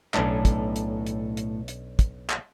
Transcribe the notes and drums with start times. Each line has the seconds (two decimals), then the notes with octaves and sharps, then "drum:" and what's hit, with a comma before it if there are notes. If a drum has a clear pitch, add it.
0.14 B1 A2 A3 C#4 D4 A4, drum: clap
0.45 drum: kick, hi-hat
0.76 drum: hi-hat
1.07 drum: hi-hat
1.37 drum: hi-hat
1.68 drum: hi-hat
1.99 drum: kick, hi-hat
2.30 drum: clap